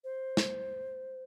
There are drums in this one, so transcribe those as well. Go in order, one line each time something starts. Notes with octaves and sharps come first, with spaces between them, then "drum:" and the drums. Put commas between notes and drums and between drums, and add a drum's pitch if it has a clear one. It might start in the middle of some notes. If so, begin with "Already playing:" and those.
C5
drum: snare